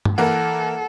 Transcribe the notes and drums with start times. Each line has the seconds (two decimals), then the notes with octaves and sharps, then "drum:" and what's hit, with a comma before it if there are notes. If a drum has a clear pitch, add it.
0.05 drum: tom G2
0.18 E3 A#3 A4 A#4 F#5